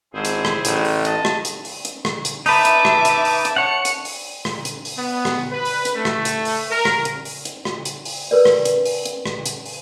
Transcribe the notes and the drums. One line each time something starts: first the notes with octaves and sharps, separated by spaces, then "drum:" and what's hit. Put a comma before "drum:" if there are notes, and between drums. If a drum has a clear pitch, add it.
G#1 E4 G#4 C5
drum: hi-hat
drum: rim click
A1, drum: hi-hat
drum: open hi-hat
D#5 A5, drum: hi-hat
drum: rim click
drum: hi-hat
drum: open hi-hat
drum: hi-hat
drum: rim click
drum: hi-hat
D#4 B4 E5 A5 D6, drum: open hi-hat
drum: hi-hat
drum: rim click
drum: hi-hat
drum: open hi-hat
drum: hi-hat
C#5 F#5 C#7
drum: hi-hat
drum: open hi-hat
drum: rim click
drum: hi-hat
drum: open hi-hat
B3
drum: rim click
B4
drum: open hi-hat
drum: hi-hat
A3
drum: rim click
drum: hi-hat
drum: open hi-hat
A#4
drum: rim click
drum: hi-hat
drum: open hi-hat
drum: hi-hat
drum: rim click
drum: hi-hat
drum: open hi-hat
A#4 B4 D5
drum: rim click
drum: hi-hat
drum: open hi-hat
drum: hi-hat
drum: rim click
drum: hi-hat
drum: open hi-hat